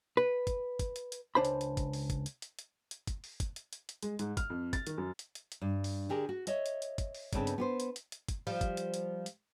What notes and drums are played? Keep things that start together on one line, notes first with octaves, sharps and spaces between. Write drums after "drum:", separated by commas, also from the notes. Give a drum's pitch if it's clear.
B4
drum: kick, hi-hat
drum: kick, hi-hat
drum: hi-hat
drum: hi-hat
C#2 D4 C5 B5
drum: hi-hat
drum: hi-hat
drum: kick, hi-hat
drum: open hi-hat
drum: kick, hi-hat
drum: hi-hat
drum: hi-hat
drum: hi-hat
drum: hi-hat
drum: kick, hi-hat
drum: open hi-hat
drum: kick, hi-hat
drum: hi-hat
drum: hi-hat
drum: hi-hat
G#3, drum: hi-hat
G#2, drum: hi-hat
F6, drum: kick, hi-hat
F2
A6, drum: kick, hi-hat
D#3, drum: hi-hat
F#2
drum: hi-hat
drum: hi-hat
drum: hi-hat
G2
drum: open hi-hat
D3 G4 G#4 A#4
F#4
C#5 D#5 E5, drum: hi-hat
drum: hi-hat
drum: hi-hat
drum: kick, hi-hat
drum: open hi-hat
G2 C#3 B3 C4 F#4 A4, drum: kick, hi-hat
drum: hi-hat
B3 G4 C5
drum: hi-hat
drum: hi-hat
drum: hi-hat
drum: kick, hi-hat
F3 G3, drum: open hi-hat
drum: kick, hi-hat
drum: hi-hat
drum: hi-hat
drum: hi-hat